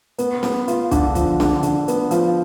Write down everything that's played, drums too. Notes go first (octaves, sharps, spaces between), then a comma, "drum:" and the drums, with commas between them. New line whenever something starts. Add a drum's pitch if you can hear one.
B3, drum: hi-hat
B3, drum: snare C#4
F4, drum: hi-hat
D3, drum: kick B1, hi-hat
F3, drum: kick B1, hi-hat
D3, drum: snare C#4
D3, drum: hi-hat
B3, drum: hi-hat
F3, drum: hi-hat